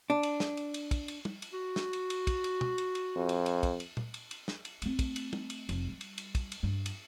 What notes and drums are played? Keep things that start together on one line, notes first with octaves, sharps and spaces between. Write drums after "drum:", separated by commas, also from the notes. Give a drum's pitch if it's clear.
D4
drum: cymbal
drum: snare
drum: cymbal
drum: cymbal
drum: kick, cymbal
drum: cymbal
drum: tom
drum: cymbal
F#4
drum: snare
drum: cymbal
drum: cymbal
drum: kick, cymbal
drum: cymbal
drum: tom
drum: cymbal
drum: cymbal
F2
drum: cymbal
drum: cymbal
drum: kick, cymbal
drum: cymbal
drum: tom A#2
drum: cymbal
drum: cymbal
drum: snare
drum: cymbal
A3 C4, drum: cymbal
drum: kick, cymbal
drum: cymbal
drum: tom
drum: cymbal
F1, drum: cymbal
G3
drum: cymbal
drum: cymbal
drum: kick, cymbal
drum: cymbal
G2
drum: cymbal